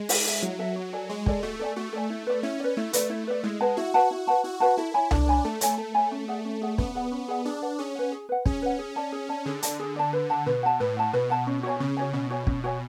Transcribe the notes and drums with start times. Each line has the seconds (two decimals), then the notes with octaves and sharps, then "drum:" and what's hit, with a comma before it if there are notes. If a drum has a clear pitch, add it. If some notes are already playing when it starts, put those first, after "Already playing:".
Already playing: G#3
0.09 E4, drum: open hi-hat
0.26 A4 E5
0.42 F#3 E4
0.59 A4 E5
0.76 F#4
0.93 A4 D5 G#5
1.09 G#3 F#4
1.26 A4 D5 G#5, drum: kick
1.43 A3 F#4
1.59 A4 D5 G#5
1.76 A3 F#4
1.93 A4 D5 G#5
2.10 E4
2.27 B4 D5
2.43 C#4 E4
2.60 B4 D5
2.77 A3 E4
2.93 B4 D5, drum: hi-hat
3.10 E4
3.27 B4 D5
3.43 G#3 E4
3.61 B4 F#5 A5
3.77 E4 F#4
3.94 B4 F#5 A5
4.11 E4
4.27 B4 F#5 A5
4.44 E4 F#4
4.60 B4 F#5 A5
4.77 E4 A4
4.94 C#5 G#5 B5
5.11 D4 A4, drum: tom C2
5.28 C#5 G#5 B5
5.44 A3 A4
5.61 C#5 G#5 B5, drum: hi-hat
5.78 A4
5.94 C#5 G#5 B5
6.12 C#4
6.28 G#4 D5 F#5
6.45 C#4
6.62 G#4 D5 F#5
6.78 B3 C#4, drum: kick
6.95 G#4 D5 F#5
7.11 C#4
7.28 G#4 D5 F#5
7.45 D4 G#4
7.62 B4 F#5
7.79 C#4 G#4
7.95 B4 F#5
8.12 G#4
8.29 B4 F#5
8.46 C#4 G#4, drum: kick
8.62 B4 F#5
8.79 G#4
8.96 D5 A5
9.12 G#4
9.29 D5 A5
9.46 D3 G#4
9.63 D5 A5, drum: hi-hat
9.79 G#4
9.96 D5 A5
10.13 B4
10.30 F#5 A5
10.46 B2 B4
10.63 F#5 A5
10.80 A2 B4
10.97 F#5 A5
11.13 B2 B4
11.30 F#5 A5
11.47 C#4
11.63 F#4 C#5 G#5
11.80 C#3 C#4
11.97 F#4 C#5 G#5
12.13 B2 C#4
12.30 F#4 C#5 G#5
12.47 C#4, drum: kick
12.64 F#4 C#5 G#5